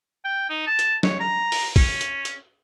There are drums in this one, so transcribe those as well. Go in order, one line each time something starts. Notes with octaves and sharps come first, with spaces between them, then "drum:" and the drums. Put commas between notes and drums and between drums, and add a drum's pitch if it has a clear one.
G5
D#4
A5
drum: hi-hat
C#5, drum: snare
A#5
drum: open hi-hat
C#4, drum: kick B1, open hi-hat
drum: hi-hat
drum: hi-hat